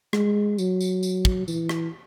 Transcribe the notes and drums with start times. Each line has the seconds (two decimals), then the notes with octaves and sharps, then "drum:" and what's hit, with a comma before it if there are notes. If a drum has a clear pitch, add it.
0.13 G#3, drum: rim click
0.58 F#3, drum: tambourine
0.81 drum: tambourine
1.03 drum: tambourine
1.25 drum: kick
1.48 E3, drum: tambourine
1.69 drum: rim click